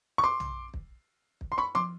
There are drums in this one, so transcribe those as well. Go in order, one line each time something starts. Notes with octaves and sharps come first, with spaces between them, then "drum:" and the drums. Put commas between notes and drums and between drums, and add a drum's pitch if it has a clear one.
C#6
C6 D6
drum: tom
drum: kick
drum: kick
C6
B5 C#6
C6 D6, drum: tom F3